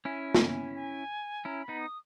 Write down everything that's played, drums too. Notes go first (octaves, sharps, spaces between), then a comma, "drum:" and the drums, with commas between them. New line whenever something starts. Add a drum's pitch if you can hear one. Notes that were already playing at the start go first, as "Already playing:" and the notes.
C#4 E4 G#5
drum: snare
G#5
C#4 E4 A#5
B5
B3 D#4
D#6